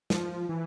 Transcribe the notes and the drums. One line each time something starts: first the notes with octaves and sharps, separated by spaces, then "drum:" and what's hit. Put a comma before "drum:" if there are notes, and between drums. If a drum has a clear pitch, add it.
F3, drum: snare
E3